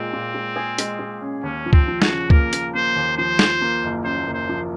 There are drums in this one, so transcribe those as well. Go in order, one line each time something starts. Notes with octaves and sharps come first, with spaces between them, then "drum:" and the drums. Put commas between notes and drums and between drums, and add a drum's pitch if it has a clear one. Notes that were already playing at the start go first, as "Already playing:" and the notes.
Already playing: A#2 G#3 C4
A#2
G#3
G#4
G#3, drum: hi-hat
G#3
C#4
D#2 C#4
F3
C4, drum: kick C#2
F3
F#4, drum: snare
C#3
A#3 A#4, drum: kick C#2
A#3, drum: hi-hat
A#3 C5
D#2
F3 C5
F3, drum: snare
A#3
F#1
F#2 C5
F#1
C5
F3